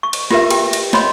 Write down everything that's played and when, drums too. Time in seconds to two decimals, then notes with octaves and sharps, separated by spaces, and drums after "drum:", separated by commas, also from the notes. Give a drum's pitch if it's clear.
0.03 C#6
0.13 drum: cymbal
0.31 F4 G4 A#4 B4 E5, drum: snare
0.50 G4 G5, drum: cymbal
0.73 drum: cymbal
0.93 C#5 D#5 B5 C6, drum: snare